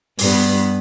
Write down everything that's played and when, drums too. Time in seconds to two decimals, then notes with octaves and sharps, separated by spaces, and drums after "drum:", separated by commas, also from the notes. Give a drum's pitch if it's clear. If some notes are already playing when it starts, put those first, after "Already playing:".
0.19 G2 B3, drum: open hi-hat